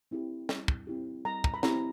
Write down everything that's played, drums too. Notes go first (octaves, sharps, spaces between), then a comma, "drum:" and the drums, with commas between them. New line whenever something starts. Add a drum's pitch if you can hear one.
C4 E4 G4
G3, drum: snare
drum: kick
C4 E4 G4
G3 A#5
A#5, drum: kick
B5
C4 E4 G4 A#5, drum: snare